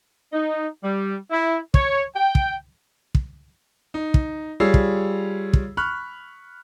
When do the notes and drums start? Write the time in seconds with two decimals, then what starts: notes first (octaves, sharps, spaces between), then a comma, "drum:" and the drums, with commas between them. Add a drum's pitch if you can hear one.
0.33 D#4
0.83 G3
1.31 E4
1.74 C#5, drum: kick
2.14 G5
2.35 drum: kick
3.15 drum: kick
3.94 D#4
4.14 drum: kick
4.60 G3 F4 G#4 C#5 E6 C7
4.74 drum: kick
5.53 drum: kick
5.77 B5 C#6 F6 F#6